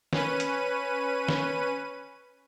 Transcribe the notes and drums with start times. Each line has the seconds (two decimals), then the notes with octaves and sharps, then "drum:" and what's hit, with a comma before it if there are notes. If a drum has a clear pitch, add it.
0.13 C#4 B4 D#7, drum: snare
0.40 drum: hi-hat
1.29 drum: snare